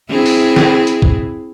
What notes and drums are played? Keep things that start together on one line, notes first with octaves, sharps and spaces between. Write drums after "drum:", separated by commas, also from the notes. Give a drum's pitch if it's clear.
C4 E4 G#4
drum: open hi-hat
drum: snare
drum: hi-hat
drum: kick